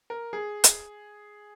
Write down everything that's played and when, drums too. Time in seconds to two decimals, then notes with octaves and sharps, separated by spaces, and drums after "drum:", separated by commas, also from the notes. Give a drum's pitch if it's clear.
0.10 A#4
0.33 G#4
0.64 drum: hi-hat